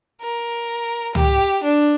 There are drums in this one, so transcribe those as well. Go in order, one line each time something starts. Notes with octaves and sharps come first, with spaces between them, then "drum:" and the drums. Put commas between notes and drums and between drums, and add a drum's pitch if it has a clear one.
A#4
G4, drum: tom C#2
D4